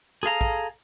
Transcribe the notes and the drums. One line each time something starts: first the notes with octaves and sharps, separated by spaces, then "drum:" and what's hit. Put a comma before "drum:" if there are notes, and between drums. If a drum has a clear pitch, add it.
G#4 A4 F5 A#5
drum: kick